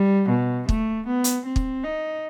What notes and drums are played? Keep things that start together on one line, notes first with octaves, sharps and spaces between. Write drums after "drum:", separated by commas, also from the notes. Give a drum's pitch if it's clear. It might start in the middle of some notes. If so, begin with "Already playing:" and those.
Already playing: G3
B2
A3, drum: kick
B3
drum: hi-hat
C4
drum: kick
D#4